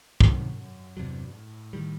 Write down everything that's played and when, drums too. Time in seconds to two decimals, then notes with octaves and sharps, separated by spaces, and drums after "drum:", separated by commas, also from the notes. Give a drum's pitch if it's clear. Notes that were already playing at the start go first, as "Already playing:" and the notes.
0.20 C2 F#2 C3 D#3, drum: kick
0.59 F#2
0.97 E2 G2 C3 F#3
1.34 A2
1.73 D#3 G3